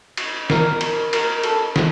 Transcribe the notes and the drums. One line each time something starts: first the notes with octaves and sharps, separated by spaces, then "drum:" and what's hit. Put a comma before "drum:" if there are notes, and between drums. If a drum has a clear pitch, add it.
drum: cymbal
A#4, drum: snare
drum: cymbal
A#4, drum: cymbal
A4, drum: cymbal
drum: snare